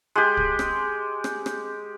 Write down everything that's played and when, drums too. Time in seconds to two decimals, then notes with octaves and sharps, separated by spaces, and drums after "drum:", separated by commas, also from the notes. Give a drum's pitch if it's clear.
0.16 G#3 G4
0.37 drum: kick
0.59 drum: rim click
1.24 drum: rim click
1.46 drum: rim click